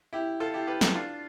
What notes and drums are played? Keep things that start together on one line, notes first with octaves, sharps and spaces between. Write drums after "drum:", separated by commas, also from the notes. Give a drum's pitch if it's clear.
E4 G4
F4 A4
E4 G4
G4 B4
F4 A4, drum: snare
D4 F4